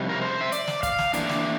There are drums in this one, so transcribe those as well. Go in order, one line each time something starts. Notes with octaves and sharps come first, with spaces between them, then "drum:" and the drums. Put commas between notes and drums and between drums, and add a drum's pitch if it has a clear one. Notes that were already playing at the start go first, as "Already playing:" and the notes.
Already playing: F2 C3 G3
A#4
C5
E5
D5, drum: hi-hat
drum: snare
F5, drum: kick, hi-hat
drum: snare
A2 E3 A#3 D4 D5, drum: hi-hat
drum: snare